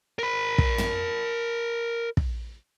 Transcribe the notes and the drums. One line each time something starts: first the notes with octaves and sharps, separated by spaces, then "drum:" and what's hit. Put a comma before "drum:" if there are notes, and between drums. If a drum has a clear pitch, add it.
A#4 B5
drum: kick
drum: tom
drum: kick